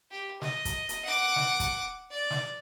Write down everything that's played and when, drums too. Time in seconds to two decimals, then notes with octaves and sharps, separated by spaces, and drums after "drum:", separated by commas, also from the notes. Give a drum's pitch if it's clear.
0.11 G4
0.42 D#5, drum: snare
0.65 drum: kick, hi-hat
0.89 drum: hi-hat
1.05 F#5 D6
1.36 drum: snare
1.60 drum: kick, hi-hat
2.11 D5
2.31 drum: snare